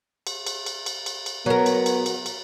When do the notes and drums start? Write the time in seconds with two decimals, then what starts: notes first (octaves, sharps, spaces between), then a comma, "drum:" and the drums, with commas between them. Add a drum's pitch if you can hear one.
0.27 drum: cymbal
0.47 drum: cymbal
0.66 drum: cymbal
0.86 drum: cymbal
1.06 drum: cymbal
1.26 drum: cymbal
1.46 F#3 B3 A#4
1.66 drum: cymbal
1.86 drum: cymbal
2.06 drum: cymbal
2.26 drum: cymbal